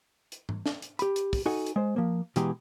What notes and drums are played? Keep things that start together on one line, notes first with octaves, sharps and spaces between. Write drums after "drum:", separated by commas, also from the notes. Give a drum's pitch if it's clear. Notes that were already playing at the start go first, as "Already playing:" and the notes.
drum: hi-hat
drum: tom G#2
drum: snare
drum: hi-hat
G4 B5, drum: hi-hat
drum: hi-hat
drum: kick, open hi-hat
D#4 F#4 A4 D#5 G#5
drum: hi-hat
G#3 C5
F3 A#3
B2 E3 G#3 G4 G#4 A#5, drum: hi-hat